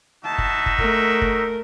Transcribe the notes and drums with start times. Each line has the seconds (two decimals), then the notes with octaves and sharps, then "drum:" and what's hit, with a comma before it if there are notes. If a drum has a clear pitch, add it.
0.24 D#4 F#4 E5 A5
0.38 drum: kick
0.66 drum: kick
0.78 A3 A#4, drum: kick
1.22 drum: kick